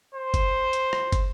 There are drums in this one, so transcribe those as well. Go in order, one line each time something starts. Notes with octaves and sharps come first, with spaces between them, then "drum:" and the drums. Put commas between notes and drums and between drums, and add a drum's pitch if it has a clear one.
C5
drum: kick, hi-hat
drum: hi-hat
drum: rim click
drum: kick, hi-hat